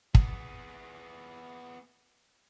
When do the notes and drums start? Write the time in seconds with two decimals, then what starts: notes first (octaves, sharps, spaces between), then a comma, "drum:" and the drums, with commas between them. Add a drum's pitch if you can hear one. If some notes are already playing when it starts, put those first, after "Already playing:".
0.15 B3 G#4, drum: kick